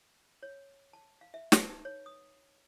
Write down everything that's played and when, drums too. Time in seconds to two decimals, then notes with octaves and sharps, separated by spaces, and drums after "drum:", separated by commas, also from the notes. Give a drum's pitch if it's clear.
0.43 C#5
0.93 A5
1.21 F5
1.34 E5
1.52 B4, drum: snare
1.70 D#4
1.85 C#5
2.06 D#6